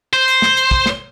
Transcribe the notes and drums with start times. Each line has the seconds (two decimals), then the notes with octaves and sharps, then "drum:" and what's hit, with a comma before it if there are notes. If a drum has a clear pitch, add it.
0.13 C5
0.28 drum: hi-hat
0.42 drum: snare
0.57 drum: hi-hat
0.71 drum: kick
0.86 drum: snare